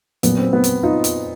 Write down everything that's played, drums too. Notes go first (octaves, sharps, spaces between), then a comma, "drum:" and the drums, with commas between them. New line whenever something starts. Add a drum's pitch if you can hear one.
A#2 F#3 B3, drum: hi-hat
C4
B3
drum: hi-hat
D#4 F4
drum: hi-hat